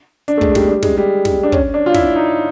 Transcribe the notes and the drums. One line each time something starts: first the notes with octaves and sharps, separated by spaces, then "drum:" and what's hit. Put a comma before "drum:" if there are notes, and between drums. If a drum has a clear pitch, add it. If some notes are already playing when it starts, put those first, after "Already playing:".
D4, drum: hi-hat
A3
G#3, drum: kick
G#3
G3, drum: snare
G3
G#3, drum: snare
G3
drum: snare
D4
C#4, drum: kick
D4
F4
E4, drum: snare
D#4